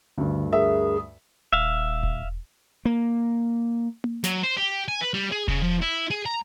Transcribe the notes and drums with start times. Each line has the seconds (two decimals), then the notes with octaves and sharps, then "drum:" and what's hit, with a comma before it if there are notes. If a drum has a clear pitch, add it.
0.18 D2 G2 D3
0.53 G#4 A#4 E5
1.53 D#1 E5 F5
2.03 drum: kick E1
2.85 A#3
4.04 drum: tom A#3
4.24 F#3, drum: snare
4.43 C5
4.57 G4
4.88 G#5
5.01 B4
5.14 G3
5.32 G#4
5.48 C#3, drum: kick E1
5.62 F3
5.81 E4
6.11 G#4
6.26 A#5